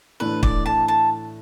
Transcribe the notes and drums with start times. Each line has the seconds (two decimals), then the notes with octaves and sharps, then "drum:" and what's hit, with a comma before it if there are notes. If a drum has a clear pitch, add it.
0.20 A2 E3 A3 D4 B4
0.43 D5, drum: kick
0.66 A5
0.88 A5